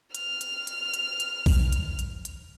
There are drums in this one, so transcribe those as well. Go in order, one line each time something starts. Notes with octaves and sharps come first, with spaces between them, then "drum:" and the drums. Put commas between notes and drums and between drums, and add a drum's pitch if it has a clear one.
F6 F7, drum: hi-hat
drum: hi-hat
drum: hi-hat
drum: hi-hat
drum: hi-hat
drum: kick B1, open hi-hat
drum: hi-hat
drum: hi-hat
drum: hi-hat